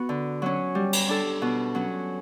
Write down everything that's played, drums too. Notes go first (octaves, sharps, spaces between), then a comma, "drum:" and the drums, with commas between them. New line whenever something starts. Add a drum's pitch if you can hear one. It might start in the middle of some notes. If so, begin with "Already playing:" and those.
Already playing: B3 F#4
D3
F#3 C#4
G3
drum: cymbal
D4 A4
B2
F#3 C#4